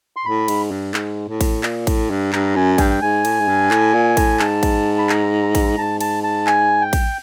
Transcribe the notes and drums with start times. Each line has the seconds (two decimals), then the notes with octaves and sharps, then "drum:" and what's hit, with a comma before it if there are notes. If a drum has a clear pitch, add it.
0.16 C6
0.25 A2 B5
0.48 G#2, drum: cymbal
0.71 G2
0.94 G#2, drum: clap
1.29 A2
1.41 drum: kick A1, cymbal
1.63 A#2, drum: clap
1.87 A2, drum: kick A1, cymbal
2.10 G2
2.33 G2 A#5, drum: clap
2.56 F#2 G#5
2.78 G2 G5, drum: kick A1, cymbal
2.90 G5
3.02 G#2 G#5
3.25 A2, drum: cymbal
3.40 G#2
3.48 G2
3.71 A2, drum: clap
3.94 A#2
4.17 A2, drum: kick A1, cymbal
4.39 G#2 A5, drum: clap
4.63 drum: kick A1, cymbal
4.98 B5
5.09 A#5, drum: clap
5.55 drum: kick A1, cymbal
5.78 G#2 A5
6.01 A5, drum: cymbal
6.24 A5
6.47 G#5, drum: clap
6.81 G5
6.93 drum: kick A1, cymbal